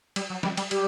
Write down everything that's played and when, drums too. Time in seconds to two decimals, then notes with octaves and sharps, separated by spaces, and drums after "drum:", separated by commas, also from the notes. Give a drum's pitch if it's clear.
0.16 G3, drum: cymbal
0.30 F#3
0.43 G3, drum: snare
0.57 G3, drum: cymbal
0.71 G3 G4, drum: cymbal